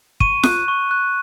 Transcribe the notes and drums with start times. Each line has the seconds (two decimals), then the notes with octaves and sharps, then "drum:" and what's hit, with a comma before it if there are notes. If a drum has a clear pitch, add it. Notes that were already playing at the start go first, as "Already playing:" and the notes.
0.20 C#6 D#7, drum: kick
0.43 F#6, drum: snare F4
0.68 C#6
0.91 F#6